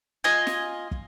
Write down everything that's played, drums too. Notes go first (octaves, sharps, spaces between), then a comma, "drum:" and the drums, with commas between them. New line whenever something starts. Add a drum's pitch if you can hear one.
F4 D#5 G#5
drum: snare
drum: kick